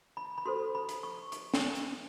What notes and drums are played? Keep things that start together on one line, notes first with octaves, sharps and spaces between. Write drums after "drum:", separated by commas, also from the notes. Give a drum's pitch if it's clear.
B5
B5
F#4 A4 C5 C6
B5
drum: hi-hat
C#6
C#6, drum: hi-hat
drum: snare
drum: hi-hat